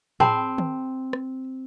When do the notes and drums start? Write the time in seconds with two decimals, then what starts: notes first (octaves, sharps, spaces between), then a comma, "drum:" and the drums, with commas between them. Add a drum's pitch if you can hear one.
0.20 C4 G#4 A5 B5, drum: tom A2
0.58 drum: tom D#3
1.13 drum: rim click